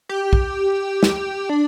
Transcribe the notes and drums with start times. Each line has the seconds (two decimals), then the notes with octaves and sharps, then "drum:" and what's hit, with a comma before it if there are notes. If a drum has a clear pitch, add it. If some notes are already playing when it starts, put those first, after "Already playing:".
0.09 G4
0.33 drum: kick A#1
1.03 drum: snare
1.49 D4